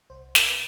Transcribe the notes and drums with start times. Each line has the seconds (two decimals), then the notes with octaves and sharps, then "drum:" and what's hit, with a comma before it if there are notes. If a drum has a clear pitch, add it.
0.10 C2 C5
0.35 C3 A#4, drum: snare
0.48 B4